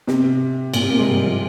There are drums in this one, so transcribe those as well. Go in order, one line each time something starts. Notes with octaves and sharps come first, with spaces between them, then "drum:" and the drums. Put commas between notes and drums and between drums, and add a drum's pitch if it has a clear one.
C3, drum: snare
A#2, drum: cymbal
C3
A#3
G#3
G3
F3